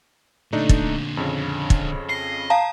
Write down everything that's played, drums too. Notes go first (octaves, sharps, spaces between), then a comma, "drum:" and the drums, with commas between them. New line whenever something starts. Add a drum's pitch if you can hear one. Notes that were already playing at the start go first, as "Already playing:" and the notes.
A#2 D3 A3 D4 D#4
drum: kick
F2 C#3
drum: kick
D#5 C7
F5 A5 A#5